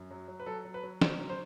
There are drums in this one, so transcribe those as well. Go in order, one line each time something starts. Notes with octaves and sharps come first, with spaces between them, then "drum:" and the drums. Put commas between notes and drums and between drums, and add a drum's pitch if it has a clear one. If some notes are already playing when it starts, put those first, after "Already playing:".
Already playing: F#2
F#3
F#3
B4
F#3 A4
F#3
B4
F#3
F#3 C5, drum: snare
F#3
C5